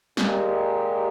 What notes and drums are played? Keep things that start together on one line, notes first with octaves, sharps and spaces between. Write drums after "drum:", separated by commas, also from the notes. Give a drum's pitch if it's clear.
A#2 G#3 D#4 G4 A#4, drum: snare